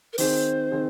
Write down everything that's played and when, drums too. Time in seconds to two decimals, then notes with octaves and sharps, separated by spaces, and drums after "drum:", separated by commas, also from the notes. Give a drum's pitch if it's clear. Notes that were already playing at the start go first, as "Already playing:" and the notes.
0.13 A#4
0.18 D#3 C4 G#4 C5, drum: open hi-hat
0.72 D#3 C4 G#4